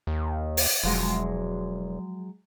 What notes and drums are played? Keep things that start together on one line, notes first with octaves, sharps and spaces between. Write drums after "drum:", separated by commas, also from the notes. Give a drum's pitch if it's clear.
D#2
drum: open hi-hat
E1 F3 F#3 G#3